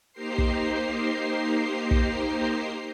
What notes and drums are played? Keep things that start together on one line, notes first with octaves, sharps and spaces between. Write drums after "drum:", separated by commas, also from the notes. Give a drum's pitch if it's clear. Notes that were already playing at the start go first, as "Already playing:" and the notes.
A#3 D#4 G4 A#4 C5 C7
drum: kick
drum: kick